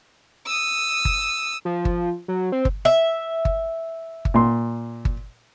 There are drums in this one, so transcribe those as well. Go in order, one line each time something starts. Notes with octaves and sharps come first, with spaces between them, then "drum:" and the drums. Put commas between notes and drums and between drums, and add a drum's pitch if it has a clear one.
D#6 E6
drum: kick G1
F3
drum: kick G1
F#3
C4
drum: kick G1
E5
drum: kick G1
drum: kick G1
A#2 C6
drum: kick G1